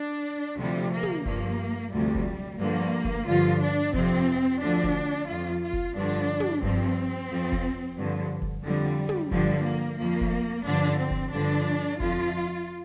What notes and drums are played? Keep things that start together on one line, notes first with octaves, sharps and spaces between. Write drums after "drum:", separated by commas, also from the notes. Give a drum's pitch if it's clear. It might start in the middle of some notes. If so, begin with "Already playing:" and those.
Already playing: D4
D2 C3 F3 G3
A#3
drum: tom
G2 F3 A#3, drum: kick F1
D2 C3 F3 G3
drum: kick F1
G2 D3 F3 A#3
drum: kick F1
G2 D3 F3 F4
D4
F2 C3 F3 C4, drum: kick F1
D2 D3 F3 D4
drum: kick F1
F2 F3 F4
F4
drum: kick F1
G2 D3 F3 D4
drum: tom
G2 F3 C4, drum: kick F1
F2 F3
drum: kick F1
G2 D3 F3
drum: kick F1
F2 D3 F3 G3
drum: tom
G2 D3 F3 G3, drum: kick F1
A#3
F2 F3 A#3
drum: kick F1
G2 D3 F3 D4
C4
drum: kick F1
G2 D3 F3 D4
F2 F3 F4, drum: kick F1